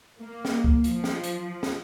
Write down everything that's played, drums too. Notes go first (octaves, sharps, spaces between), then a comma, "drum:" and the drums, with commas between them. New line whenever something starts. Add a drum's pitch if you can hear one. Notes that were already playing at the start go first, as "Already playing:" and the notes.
A#3
drum: snare
drum: kick C#2
F3, drum: hi-hat
drum: snare
drum: hi-hat
drum: snare